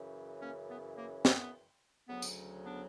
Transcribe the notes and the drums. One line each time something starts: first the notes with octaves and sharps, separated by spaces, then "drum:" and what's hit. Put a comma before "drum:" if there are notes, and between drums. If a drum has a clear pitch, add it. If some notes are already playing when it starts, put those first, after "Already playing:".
Already playing: F#2 C#3 E3
A#3 C#4
B3
A#3
B3, drum: snare
D2 C#3 F#3 B3
drum: tambourine
B3 D4